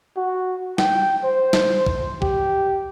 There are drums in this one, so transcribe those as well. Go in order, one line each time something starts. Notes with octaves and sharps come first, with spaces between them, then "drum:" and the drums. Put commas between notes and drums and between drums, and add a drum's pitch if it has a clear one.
F#4
G5, drum: snare
C5
drum: snare
drum: kick
G4, drum: kick